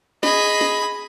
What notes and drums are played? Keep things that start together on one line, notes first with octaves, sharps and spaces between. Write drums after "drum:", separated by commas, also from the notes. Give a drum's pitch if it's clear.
G#4 D#5 B5, drum: snare
drum: snare